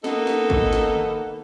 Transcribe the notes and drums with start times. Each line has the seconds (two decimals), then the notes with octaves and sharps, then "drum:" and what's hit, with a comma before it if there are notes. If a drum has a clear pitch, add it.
0.04 A#3 B3 D#4 A4, drum: snare
0.27 drum: snare
0.50 drum: kick
0.73 drum: snare
0.95 drum: tom D3